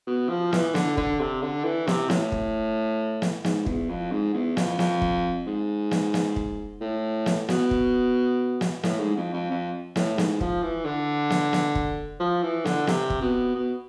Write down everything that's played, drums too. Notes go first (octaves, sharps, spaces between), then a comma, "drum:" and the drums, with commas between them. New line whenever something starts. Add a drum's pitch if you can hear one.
B2
F3
E3, drum: snare
D3, drum: snare
D3, drum: kick
C3
D3
E3
C3, drum: snare
A2, drum: snare
drum: kick
drum: snare
G#2, drum: snare
E2, drum: kick
F2
G#2
E2
F2, drum: snare
F2, drum: snare
drum: kick
G#2
drum: snare
drum: snare
drum: kick
A2
drum: snare
B2, drum: snare
drum: kick
drum: snare
A2, drum: snare
G#2
F2
F2
F2
A2, drum: snare
G#2, drum: snare
F3, drum: kick
E3
D3
drum: snare
drum: snare
drum: kick
F3
E3
D3, drum: snare
C3, drum: snare
drum: kick
B2
B2